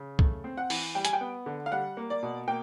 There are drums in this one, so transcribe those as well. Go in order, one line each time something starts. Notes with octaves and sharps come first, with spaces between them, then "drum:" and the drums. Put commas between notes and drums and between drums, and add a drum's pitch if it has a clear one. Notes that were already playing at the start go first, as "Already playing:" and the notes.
Already playing: C#3
A3, drum: kick
C4
F#5
E3, drum: open hi-hat
G3 G5
G#5, drum: hi-hat
G5
B3
D3
F5
G3 F#5
A#3
D5
B2
A#3 G5